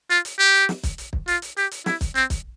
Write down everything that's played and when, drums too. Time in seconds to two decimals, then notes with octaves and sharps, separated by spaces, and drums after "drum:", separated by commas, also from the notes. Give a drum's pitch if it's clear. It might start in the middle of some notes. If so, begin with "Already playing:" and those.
0.10 F4, drum: hi-hat
0.25 drum: hi-hat
0.39 G4, drum: hi-hat
0.54 drum: hi-hat
0.69 drum: snare
0.83 drum: kick, hi-hat
0.98 drum: hi-hat
1.13 drum: kick
1.28 F4, drum: hi-hat
1.42 drum: hi-hat
1.57 G4, drum: hi-hat
1.71 drum: hi-hat
1.86 E4, drum: snare
2.01 drum: kick, hi-hat
2.15 C4, drum: hi-hat
2.30 drum: kick, hi-hat